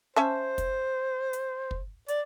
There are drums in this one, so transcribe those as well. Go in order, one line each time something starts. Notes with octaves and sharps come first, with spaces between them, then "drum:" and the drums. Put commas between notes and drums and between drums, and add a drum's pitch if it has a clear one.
C#4 C5 E5 A5
drum: kick, hi-hat
drum: hi-hat
drum: kick
D5, drum: hi-hat